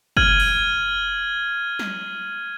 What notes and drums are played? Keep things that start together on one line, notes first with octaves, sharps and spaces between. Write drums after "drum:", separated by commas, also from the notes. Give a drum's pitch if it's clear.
F6 G#6 D#7 F#7, drum: kick F#1
drum: open hi-hat
drum: snare